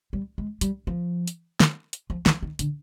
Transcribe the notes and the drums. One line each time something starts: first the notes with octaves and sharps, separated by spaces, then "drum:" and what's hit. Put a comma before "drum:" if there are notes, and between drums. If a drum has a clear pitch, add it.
G3
G#3
G3, drum: hi-hat
F3
drum: hi-hat
drum: snare
drum: hi-hat
F3
E3, drum: snare
D#3
D3, drum: hi-hat